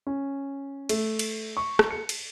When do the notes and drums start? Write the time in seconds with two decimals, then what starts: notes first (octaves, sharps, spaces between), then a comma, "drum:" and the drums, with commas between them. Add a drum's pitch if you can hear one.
0.07 C#4
0.89 A3, drum: cymbal
1.19 drum: cymbal
1.57 C#6
1.79 drum: rim click
1.91 C#7
2.09 drum: cymbal